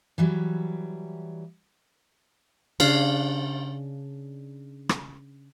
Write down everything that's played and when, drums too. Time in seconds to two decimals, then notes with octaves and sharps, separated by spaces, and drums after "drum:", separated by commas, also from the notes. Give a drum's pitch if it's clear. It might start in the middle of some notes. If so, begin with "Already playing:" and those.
0.18 E3 F#3 G3
2.80 C#3 D4 F5, drum: cymbal
4.89 drum: rim click